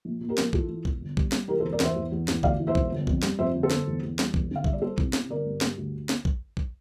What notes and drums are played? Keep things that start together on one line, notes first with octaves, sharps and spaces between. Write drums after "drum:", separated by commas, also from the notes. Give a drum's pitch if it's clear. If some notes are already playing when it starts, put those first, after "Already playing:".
A#1
A#2
G4 A#4
A#1, drum: snare
E3 F4 A4, drum: kick A#1
E3
E1, drum: kick A#1
G1
G3, drum: kick A#1
G3, drum: snare
E3 G4 A#4
A4 C5
E1
A#4 D5
E2 C5 E5, drum: snare
E2
E2
E2, drum: snare
D2 D5 F5, drum: kick A#1
E3
C5 E5
E1, drum: kick A#1
G1
F2, drum: kick A#1
G3, drum: snare
F2 C5 E5
G1
A4 C5
G1, drum: snare
E2
E2
G3, drum: snare
E1, drum: kick A#1
D3 F5
G3 E5, drum: kick A#1
D5
G3 A4 C5
C2, drum: kick A#1
C3, drum: snare
G1 A#4 D5
G2
G2, drum: snare
D2
drum: snare
drum: kick A#1
drum: kick A#1